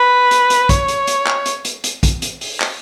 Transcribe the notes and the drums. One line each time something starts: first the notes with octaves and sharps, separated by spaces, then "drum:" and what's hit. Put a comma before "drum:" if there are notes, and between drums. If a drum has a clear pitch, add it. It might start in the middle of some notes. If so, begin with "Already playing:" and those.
Already playing: B4
drum: hi-hat
drum: hi-hat
C#5, drum: kick, hi-hat
drum: hi-hat
drum: hi-hat
drum: clap
drum: hi-hat
drum: hi-hat
drum: hi-hat
drum: kick, hi-hat
drum: hi-hat
drum: open hi-hat
drum: clap